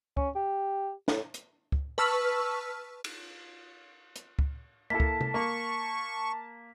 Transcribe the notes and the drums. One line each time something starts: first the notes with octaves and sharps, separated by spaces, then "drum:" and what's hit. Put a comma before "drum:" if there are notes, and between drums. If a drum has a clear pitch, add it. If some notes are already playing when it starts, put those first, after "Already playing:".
C#4, drum: kick
G4
A2, drum: snare
drum: hi-hat
drum: kick
B4 A5 C#6 E6 F6 B6
drum: cymbal
drum: hi-hat
drum: kick
A#3 E4 A4 A5 B6
drum: kick
drum: tom C3
A#3 C#6